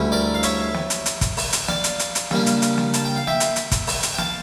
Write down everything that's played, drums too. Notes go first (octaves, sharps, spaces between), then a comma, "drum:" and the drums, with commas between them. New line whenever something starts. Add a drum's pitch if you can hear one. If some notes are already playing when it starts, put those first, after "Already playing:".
Already playing: D2 D3 G3 C#4 E4
A#4 D5
F5
C#5 E5, drum: hi-hat
drum: snare
drum: hi-hat
drum: hi-hat
drum: kick, hi-hat
drum: open hi-hat
drum: hi-hat
D5 F5, drum: snare
drum: hi-hat
drum: hi-hat
drum: hi-hat
C#3 G3 A#3 D4, drum: snare
drum: hi-hat
drum: hi-hat
drum: snare
A5, drum: hi-hat
G5
F5
E5 G5, drum: snare
drum: hi-hat
drum: hi-hat
drum: kick, hi-hat
drum: open hi-hat
drum: hi-hat
G5
F5 A5, drum: snare